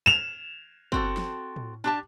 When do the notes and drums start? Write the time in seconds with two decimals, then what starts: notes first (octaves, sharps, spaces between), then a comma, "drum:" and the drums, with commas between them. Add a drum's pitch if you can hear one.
0.06 E7 F7
0.92 C4 F#4 A4, drum: kick
1.17 drum: snare
1.56 drum: tom A2
1.84 D4 G4 A5